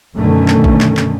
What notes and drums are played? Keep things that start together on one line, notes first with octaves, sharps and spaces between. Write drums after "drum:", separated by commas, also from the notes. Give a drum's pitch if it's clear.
F#2 B2 D3 D#3 A3 C#4
drum: clap
drum: kick
drum: clap
drum: clap